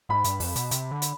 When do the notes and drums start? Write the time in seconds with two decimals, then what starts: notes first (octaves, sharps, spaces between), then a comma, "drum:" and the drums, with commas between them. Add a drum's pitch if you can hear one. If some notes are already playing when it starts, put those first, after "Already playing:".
0.09 G#2 B5
0.24 G2, drum: hi-hat
0.40 F2, drum: open hi-hat
0.56 B2, drum: hi-hat
0.71 C3, drum: hi-hat
0.91 D3
1.02 drum: hi-hat